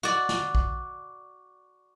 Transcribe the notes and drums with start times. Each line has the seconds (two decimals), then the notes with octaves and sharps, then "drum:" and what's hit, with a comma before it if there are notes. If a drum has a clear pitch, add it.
0.03 F#4 D5
0.29 drum: snare
0.55 drum: kick A#1